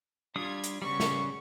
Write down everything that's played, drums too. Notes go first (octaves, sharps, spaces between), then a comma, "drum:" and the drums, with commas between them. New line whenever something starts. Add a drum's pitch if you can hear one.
G3 D4 F4 D#6 G#6
drum: hi-hat
C#3 G3 B3 C#6
drum: snare